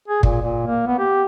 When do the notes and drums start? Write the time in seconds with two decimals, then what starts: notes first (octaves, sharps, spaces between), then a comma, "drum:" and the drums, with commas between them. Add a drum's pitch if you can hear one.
0.08 G#4
0.23 A#2, drum: kick
0.42 A#2
0.67 A#3
0.87 B3
0.99 G4